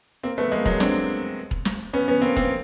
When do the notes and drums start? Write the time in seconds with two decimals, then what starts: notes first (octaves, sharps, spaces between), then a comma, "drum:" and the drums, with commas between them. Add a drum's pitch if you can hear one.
0.23 A#3 C4
0.38 A3 B3
0.51 G#3 A#3
0.66 F#3 G#3, drum: kick E1
0.80 C4 D4, drum: snare
1.51 drum: kick E1
1.65 drum: snare
1.93 B3 C#4
2.08 B3 C#4
2.21 A#3 C4
2.37 A#3 C4, drum: kick E1